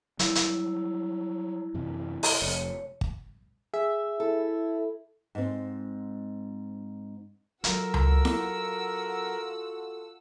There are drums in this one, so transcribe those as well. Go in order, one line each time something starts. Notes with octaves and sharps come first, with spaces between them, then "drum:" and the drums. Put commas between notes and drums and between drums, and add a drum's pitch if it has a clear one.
F#3 G3 E4, drum: hi-hat
drum: hi-hat
F#2 C3 E3
drum: open hi-hat
F1 C#5
drum: kick
G#4 E5
E4 A4
G#2 C4
F#3 F4 F#4 A4 A#4 F#5 E6, drum: hi-hat
drum: tom C#2
drum: snare E4